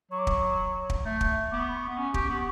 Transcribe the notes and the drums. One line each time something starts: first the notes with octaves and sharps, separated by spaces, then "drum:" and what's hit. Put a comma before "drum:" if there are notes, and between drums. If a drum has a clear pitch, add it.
F#3 C#6
D6
C#6, drum: kick
drum: kick
A3
drum: kick
B3 D6
C#6
B5
C#6
B3
C#4
G4, drum: kick
B3